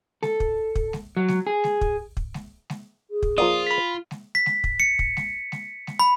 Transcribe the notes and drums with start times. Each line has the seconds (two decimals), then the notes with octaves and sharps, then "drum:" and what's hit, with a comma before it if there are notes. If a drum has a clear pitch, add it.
0.23 A4, drum: snare G#3
0.40 drum: kick
0.75 drum: kick
0.93 drum: snare G#3
1.17 F#3
1.28 drum: snare G#3
1.47 G#4
1.64 drum: snare G#3
1.81 drum: kick
2.17 drum: kick
2.34 drum: snare G#3
2.70 drum: snare G#3
3.11 G#4
3.23 drum: kick
3.38 F3 A#3 F4 D5 D#6
3.67 B5 B6
4.11 drum: snare G#3
4.35 B6
4.46 drum: snare G#3
4.64 drum: kick
4.80 C#7
4.99 drum: kick
5.17 drum: snare G#3
5.52 drum: snare G#3
5.87 drum: snare G#3
5.99 B5